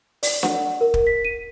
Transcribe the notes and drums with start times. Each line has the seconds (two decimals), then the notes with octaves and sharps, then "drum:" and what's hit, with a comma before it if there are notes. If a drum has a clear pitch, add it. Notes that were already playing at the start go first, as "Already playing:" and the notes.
0.23 D5, drum: open hi-hat
0.43 F#5, drum: snare D4
0.81 A#4
0.94 drum: kick
1.07 B6
1.25 D#7